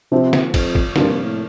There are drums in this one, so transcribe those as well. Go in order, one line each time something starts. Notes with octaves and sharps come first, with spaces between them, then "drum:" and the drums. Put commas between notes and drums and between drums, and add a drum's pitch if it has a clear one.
C3 F3 C4 F4
drum: snare
F2, drum: kick, cymbal
drum: kick
G2 C3 F3 A#3 F4, drum: snare
G2
A2